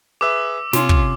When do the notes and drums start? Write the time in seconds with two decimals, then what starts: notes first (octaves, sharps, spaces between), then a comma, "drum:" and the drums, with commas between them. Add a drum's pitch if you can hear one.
0.21 G#4 B4 E5 D6 E6
0.73 C3 C#4 F4 C6, drum: snare
0.89 drum: kick